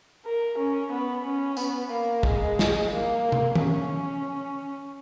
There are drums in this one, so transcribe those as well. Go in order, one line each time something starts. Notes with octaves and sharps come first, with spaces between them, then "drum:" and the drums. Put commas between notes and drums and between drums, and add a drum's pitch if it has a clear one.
A#4
C#4
B3
C#4
B3, drum: tambourine
A#3
G#3, drum: kick
drum: snare
A#3
drum: tom C3
C#4, drum: tom